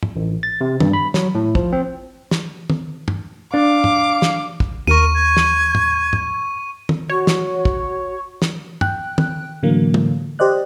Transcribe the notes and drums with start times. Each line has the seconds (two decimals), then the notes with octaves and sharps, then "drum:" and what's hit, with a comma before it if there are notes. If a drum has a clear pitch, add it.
0.03 drum: tom
0.16 A1
0.43 A6
0.61 C3
0.80 G2, drum: tom
0.93 B5
1.14 F#3, drum: snare
1.35 A2
1.55 F3, drum: kick
1.73 C4
2.31 drum: snare
2.70 drum: tom
3.08 drum: tom
3.54 D4 F5 D6
3.84 drum: tom
4.22 drum: snare
4.60 drum: kick
4.87 D#2 A#4 C#6 D#7
5.14 G#6
5.37 drum: snare
5.75 drum: tom
6.13 drum: tom
6.89 drum: tom
7.10 F#4 C#5
7.27 drum: snare
7.65 drum: kick
8.42 drum: snare
8.81 G5 F#6, drum: tom
9.18 drum: tom
9.63 A2 D3 E3 F#3 A#3
9.94 drum: tom
10.39 G4 C5 D5 D#5 F#6